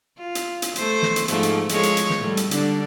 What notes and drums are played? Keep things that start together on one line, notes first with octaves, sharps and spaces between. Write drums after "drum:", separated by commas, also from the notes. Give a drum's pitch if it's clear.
F4
drum: hi-hat
drum: hi-hat
A3 C5, drum: hi-hat
drum: snare
drum: hi-hat
G#2 F3 A3, drum: hi-hat
drum: hi-hat
F3 G#3 C#5, drum: hi-hat
drum: hi-hat
drum: hi-hat
drum: snare
A2 G3
drum: hi-hat
D3 G3 D4, drum: hi-hat